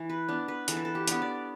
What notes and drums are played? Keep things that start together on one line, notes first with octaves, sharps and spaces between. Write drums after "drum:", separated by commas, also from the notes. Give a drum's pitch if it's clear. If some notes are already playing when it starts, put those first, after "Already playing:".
Already playing: E3
B4
B3 D4
B4
E3 A4, drum: hi-hat
B4
A4
G4
B3 D4, drum: hi-hat
D5